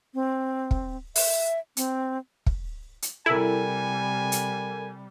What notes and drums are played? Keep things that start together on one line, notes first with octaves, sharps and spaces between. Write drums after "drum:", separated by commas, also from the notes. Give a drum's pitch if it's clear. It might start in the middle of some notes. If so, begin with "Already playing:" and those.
C4
drum: kick
E5, drum: open hi-hat
C4, drum: hi-hat
drum: kick
drum: hi-hat
C3 G3 E4 A4 A#4 G#5
drum: hi-hat